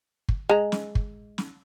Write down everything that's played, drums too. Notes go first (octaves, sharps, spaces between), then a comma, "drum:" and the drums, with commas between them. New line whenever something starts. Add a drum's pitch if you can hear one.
drum: kick
G#3 A#5
drum: snare
drum: kick
drum: snare